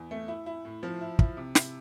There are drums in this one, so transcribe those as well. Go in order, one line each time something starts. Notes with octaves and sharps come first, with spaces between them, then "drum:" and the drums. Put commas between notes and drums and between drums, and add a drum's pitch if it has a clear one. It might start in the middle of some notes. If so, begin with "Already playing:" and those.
Already playing: E2
A3
E4
E4
A2
F3
E4
E4, drum: kick
C3
E4, drum: snare